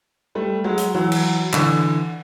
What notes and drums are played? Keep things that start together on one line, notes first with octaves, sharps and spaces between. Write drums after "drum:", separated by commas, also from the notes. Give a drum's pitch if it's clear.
G3 A3
F#3 G#3
drum: hi-hat
E3 F#3
drum: cymbal
D3 E3, drum: clap